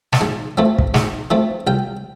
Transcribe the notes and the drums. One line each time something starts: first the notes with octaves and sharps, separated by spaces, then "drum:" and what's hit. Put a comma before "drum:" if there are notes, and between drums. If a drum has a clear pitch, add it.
A5, drum: snare
G#2 G#5
E3 A3 C4
drum: kick
G#2, drum: snare
E3 A3 C4
C2 G5